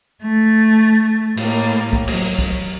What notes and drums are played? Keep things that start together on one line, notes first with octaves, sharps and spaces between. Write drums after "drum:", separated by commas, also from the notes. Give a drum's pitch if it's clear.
A3
A2 A#3, drum: cymbal
drum: kick
F#3, drum: cymbal
drum: kick